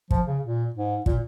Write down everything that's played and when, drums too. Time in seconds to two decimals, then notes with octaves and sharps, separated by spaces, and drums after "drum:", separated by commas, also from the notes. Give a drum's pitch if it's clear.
0.11 F3, drum: kick
0.27 C#3
0.43 A#2
0.74 G#2
1.06 A#2, drum: kick